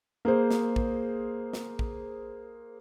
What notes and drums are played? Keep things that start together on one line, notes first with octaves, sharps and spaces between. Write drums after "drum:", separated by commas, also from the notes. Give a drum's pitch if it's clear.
A#3 G#4 C5
drum: snare
drum: kick A#1
drum: snare
drum: kick A#1